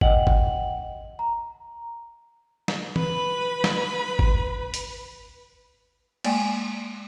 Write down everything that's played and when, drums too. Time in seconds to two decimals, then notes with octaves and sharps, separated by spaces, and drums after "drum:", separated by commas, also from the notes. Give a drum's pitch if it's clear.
0.01 D#5 F#5 G5 F#7, drum: kick
0.27 drum: kick
1.19 A#5
2.68 drum: snare
2.96 B4 B5, drum: tom
3.64 drum: snare
4.19 drum: kick
4.74 drum: hi-hat
6.24 G#3 A#3 D5 G5 G#5, drum: cymbal